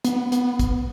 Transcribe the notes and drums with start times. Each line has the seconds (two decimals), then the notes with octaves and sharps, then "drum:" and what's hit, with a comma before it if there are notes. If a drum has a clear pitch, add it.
0.04 B3, drum: hi-hat
0.32 B3, drum: hi-hat
0.59 drum: kick, hi-hat